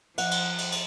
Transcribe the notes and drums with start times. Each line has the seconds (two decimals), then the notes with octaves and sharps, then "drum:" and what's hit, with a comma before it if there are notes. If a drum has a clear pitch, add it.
0.18 F3 F#5, drum: cymbal
0.31 drum: cymbal
0.58 drum: cymbal
0.72 drum: cymbal